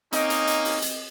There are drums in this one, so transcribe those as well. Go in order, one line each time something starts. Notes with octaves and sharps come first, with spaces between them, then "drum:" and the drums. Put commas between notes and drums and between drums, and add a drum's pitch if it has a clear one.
A#3 C4 C#4 D#4 D#5 D7, drum: hi-hat
drum: hi-hat
drum: hi-hat
drum: open hi-hat
drum: hi-hat